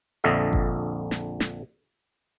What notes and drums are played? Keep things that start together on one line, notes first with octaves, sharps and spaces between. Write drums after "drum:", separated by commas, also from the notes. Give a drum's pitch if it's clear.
A#1 F2 D3 D#5 E5
drum: kick G1
drum: snare
drum: snare